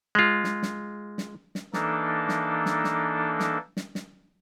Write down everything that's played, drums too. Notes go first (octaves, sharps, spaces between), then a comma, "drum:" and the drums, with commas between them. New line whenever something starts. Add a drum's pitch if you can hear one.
G#3 F4
drum: snare
drum: snare
drum: snare
drum: snare
E3 A#3 D4 D#4 A4, drum: snare
drum: snare
drum: snare
drum: snare
drum: snare
drum: snare
drum: snare